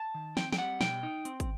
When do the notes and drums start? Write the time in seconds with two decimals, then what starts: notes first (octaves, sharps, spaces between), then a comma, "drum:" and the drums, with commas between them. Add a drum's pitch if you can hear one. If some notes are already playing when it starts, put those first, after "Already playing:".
Already playing: A5
0.14 D#3
0.37 C4 G5, drum: snare
0.52 G5, drum: snare
0.58 G3 F#5
0.81 B2 G5, drum: snare
1.03 D#4
1.25 C4, drum: hi-hat
1.40 drum: kick, hi-hat